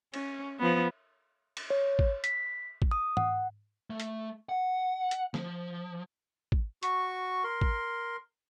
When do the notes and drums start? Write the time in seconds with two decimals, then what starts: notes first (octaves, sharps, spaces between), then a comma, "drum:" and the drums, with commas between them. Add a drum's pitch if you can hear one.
0.14 C#4, drum: cymbal
0.60 F3 B3
1.57 drum: cymbal
1.70 C#5
1.99 drum: kick
2.24 B6, drum: hi-hat
2.82 drum: kick
2.91 D#6
3.17 F#5, drum: tom G#2
3.90 A3
4.00 drum: hi-hat
4.49 F#5
5.11 drum: hi-hat
5.34 F3, drum: snare
6.52 drum: kick
6.83 F#4 C#6, drum: hi-hat
7.44 A#4 C6
7.61 drum: kick